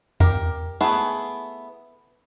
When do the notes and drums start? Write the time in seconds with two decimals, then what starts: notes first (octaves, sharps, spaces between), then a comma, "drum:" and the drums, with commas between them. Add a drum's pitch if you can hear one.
0.20 G4 A#4, drum: tom E2
0.81 A3 B3 E4 G#4